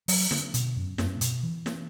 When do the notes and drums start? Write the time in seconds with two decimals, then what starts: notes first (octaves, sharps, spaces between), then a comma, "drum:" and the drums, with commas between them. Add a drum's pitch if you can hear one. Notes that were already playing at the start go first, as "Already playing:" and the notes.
0.08 F#3, drum: open hi-hat
0.31 D3, drum: snare
0.54 B2, drum: hi-hat
0.76 F#2
0.98 F#2, drum: snare
1.16 A2
1.21 B2, drum: hi-hat
1.43 E3
1.66 drum: snare